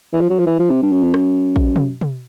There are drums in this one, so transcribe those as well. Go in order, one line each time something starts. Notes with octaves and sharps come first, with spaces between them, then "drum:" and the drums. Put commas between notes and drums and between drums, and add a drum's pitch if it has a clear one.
E3
F3
F#3
F3
E3
F3
C3
G2
F#2
F2
F#2, drum: rim click
drum: kick
drum: tom
drum: tom